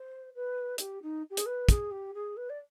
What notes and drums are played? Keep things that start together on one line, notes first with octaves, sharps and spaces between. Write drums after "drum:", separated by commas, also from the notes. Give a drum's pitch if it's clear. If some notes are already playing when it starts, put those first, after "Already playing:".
Already playing: C5
B4
G4, drum: hi-hat
D#4
G4
G#4, drum: hi-hat
B4
G#4, drum: kick, hi-hat
G4
G#4
B4
D5